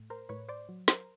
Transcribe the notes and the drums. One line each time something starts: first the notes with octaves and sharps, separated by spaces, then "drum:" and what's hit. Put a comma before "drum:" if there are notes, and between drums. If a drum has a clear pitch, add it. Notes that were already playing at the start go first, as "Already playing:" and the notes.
Already playing: A2
A#4 C5
A2 B4 C#5
C5 D5
F#3
A#4 C5, drum: snare